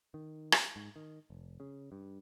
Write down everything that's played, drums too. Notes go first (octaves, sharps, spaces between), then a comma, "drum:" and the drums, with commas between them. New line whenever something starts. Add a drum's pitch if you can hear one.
D#3
drum: rim click
G#2
D#3
F1
C#3
G2